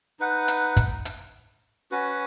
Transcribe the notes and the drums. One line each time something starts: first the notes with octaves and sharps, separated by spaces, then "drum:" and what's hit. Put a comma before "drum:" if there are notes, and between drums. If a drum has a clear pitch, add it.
D#4 B4 F#5
drum: hi-hat
drum: kick, hi-hat
drum: hi-hat
C#4 F#4 B4